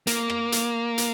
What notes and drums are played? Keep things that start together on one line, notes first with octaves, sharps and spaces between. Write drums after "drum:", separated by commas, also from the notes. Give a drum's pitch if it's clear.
A#3, drum: hi-hat
drum: rim click
drum: hi-hat
drum: hi-hat